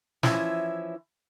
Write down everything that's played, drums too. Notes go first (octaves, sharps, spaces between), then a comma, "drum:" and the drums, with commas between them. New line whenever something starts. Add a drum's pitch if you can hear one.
E3 F3 C#4 E4, drum: snare